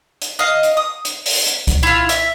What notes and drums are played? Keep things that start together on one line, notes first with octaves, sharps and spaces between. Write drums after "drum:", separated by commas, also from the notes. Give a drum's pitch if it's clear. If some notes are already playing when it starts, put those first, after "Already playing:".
drum: hi-hat
D#5 F5
drum: hi-hat
D#6
drum: hi-hat
drum: open hi-hat
drum: hi-hat
drum: kick C2, hi-hat
E4 F4
E5, drum: hi-hat